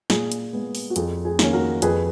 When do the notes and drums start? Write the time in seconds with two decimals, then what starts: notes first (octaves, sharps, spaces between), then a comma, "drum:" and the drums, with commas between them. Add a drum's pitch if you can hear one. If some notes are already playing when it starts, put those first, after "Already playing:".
0.10 A#2 G#4, drum: snare
0.32 drum: hi-hat
0.53 G#3 B3
0.75 drum: open hi-hat
0.90 F#4
0.96 F2 G#4, drum: hi-hat
1.25 G#4
1.39 D#3 A#3 C#4, drum: snare
1.53 F#4 A#4
1.82 F2 G#4 B4, drum: hi-hat